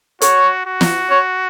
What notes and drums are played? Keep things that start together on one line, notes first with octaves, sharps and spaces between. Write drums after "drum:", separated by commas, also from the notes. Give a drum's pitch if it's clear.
F#4 C#5, drum: hi-hat
F#4
drum: snare
C#5